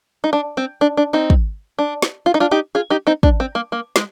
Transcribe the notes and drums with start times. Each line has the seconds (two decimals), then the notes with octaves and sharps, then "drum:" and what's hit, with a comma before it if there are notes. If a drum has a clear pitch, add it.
0.24 D#4
0.33 D4
0.57 C4
0.81 D4
0.97 D4
1.13 C4 D#4
1.30 drum: kick
1.78 D4
2.02 drum: snare
2.26 F4
2.34 D#4
2.40 D4 F4
2.51 D#4 G4
2.75 F4 G#4
2.90 D#4 G4
3.07 C4 D#4
3.23 D4, drum: kick
3.40 C4
3.55 A#3
3.72 A#3
3.96 G#3, drum: snare